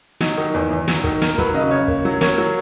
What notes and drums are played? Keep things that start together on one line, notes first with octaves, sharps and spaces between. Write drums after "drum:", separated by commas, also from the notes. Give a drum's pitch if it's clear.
F#3 D#4, drum: snare
D#3
E2
E2
F#3, drum: snare
D#3, drum: kick
A#3 A#4, drum: snare
F#3 B4, drum: kick
C#3 D#5
C#3 C#5
A#3, drum: kick
F#3
A#3 C#5, drum: snare
F#3